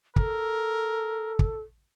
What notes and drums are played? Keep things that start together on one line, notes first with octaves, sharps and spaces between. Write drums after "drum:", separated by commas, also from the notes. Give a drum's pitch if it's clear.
A4 A#4, drum: kick
drum: kick